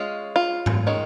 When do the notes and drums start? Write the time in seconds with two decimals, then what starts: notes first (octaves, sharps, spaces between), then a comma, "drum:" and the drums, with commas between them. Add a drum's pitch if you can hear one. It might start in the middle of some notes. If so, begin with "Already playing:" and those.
Already playing: G#3 C#4 F4
0.36 F4
0.66 drum: tom G#2
0.87 D#3 G#3 C#4